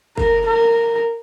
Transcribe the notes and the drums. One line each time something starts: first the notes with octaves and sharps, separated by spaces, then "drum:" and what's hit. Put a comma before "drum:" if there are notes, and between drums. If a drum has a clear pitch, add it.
A#4, drum: kick
A#4